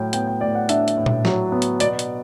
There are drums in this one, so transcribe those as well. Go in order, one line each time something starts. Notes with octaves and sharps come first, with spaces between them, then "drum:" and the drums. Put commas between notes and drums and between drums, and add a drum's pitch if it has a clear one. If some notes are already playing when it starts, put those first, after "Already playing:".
Already playing: A2 F#3 G5
B3 G5, drum: hi-hat
G5
A2 D5
F#5
D4 E5, drum: hi-hat
drum: hi-hat
A2
drum: tom A#2
F#3, drum: snare
B3
drum: hi-hat
B2 D5, drum: hi-hat
drum: hi-hat